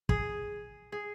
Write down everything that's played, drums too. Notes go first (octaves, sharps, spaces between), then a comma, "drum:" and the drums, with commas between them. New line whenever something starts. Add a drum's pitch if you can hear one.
G#4, drum: kick
G#4